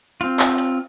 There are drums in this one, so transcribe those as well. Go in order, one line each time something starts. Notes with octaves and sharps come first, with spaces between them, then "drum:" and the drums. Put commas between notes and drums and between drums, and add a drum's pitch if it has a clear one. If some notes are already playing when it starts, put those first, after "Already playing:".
C4 F4, drum: hi-hat
drum: clap
drum: hi-hat